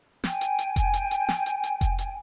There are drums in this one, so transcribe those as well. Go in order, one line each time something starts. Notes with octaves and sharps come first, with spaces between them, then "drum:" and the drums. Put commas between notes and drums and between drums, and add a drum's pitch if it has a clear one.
G5 G#5, drum: snare
drum: hi-hat
drum: hi-hat
drum: kick F1, hi-hat
drum: hi-hat
drum: hi-hat
drum: snare
drum: hi-hat
drum: hi-hat
drum: kick F1, hi-hat
drum: hi-hat